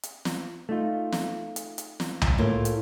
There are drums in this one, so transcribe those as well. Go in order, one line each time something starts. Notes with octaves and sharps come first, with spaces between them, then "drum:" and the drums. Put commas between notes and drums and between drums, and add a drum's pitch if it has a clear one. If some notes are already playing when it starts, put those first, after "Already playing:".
drum: hi-hat
drum: snare
A3 D#4 F4
drum: snare
drum: hi-hat
drum: hi-hat
drum: snare
drum: tom C2
A2 A#3 F4
drum: hi-hat